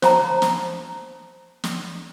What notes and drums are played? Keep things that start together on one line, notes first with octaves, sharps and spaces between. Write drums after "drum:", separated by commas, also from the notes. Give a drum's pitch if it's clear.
C5 A5 A#5, drum: snare
drum: snare
drum: snare